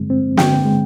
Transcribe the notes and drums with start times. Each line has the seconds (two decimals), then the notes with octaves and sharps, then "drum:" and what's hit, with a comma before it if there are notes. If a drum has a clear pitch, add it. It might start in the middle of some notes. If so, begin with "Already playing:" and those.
Already playing: G2 D3 G#3 C4
0.10 C4
0.37 D3 G5, drum: snare
0.65 G#3